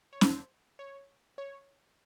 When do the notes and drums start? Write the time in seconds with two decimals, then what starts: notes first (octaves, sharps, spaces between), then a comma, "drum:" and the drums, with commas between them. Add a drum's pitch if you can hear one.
0.13 C#5
0.21 C5, drum: snare C#4
0.79 C#5
1.38 C#5